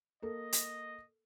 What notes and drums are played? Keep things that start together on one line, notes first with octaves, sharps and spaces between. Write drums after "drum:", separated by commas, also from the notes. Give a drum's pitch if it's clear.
A#3 A4 D#5
drum: hi-hat